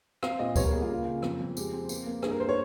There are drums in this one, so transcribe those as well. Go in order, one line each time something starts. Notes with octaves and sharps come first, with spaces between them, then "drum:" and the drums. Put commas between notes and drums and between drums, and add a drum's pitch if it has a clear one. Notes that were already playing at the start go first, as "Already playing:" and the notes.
C4 F5, drum: rim click
A#2 D#5
G3 C#5, drum: kick C#2, tambourine
A#4
A#3 G#4
F4
C#3
C#3
F2, drum: rim click
F2
G#3 G4, drum: tambourine
C4
A#3, drum: tambourine
A#3
G2 G#4, drum: rim click
A#4
C5
C#5